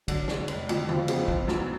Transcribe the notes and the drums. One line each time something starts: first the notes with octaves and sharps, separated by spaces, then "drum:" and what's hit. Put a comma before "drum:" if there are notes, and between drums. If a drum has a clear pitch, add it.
D3 F#3, drum: kick, cymbal
G#3 D4, drum: snare
F1, drum: cymbal
F2 D3 F3, drum: cymbal
F#1 F3, drum: tom D3
F2 C#3 G#3 B3, drum: cymbal
F#1, drum: kick
F#2 F3 B3, drum: snare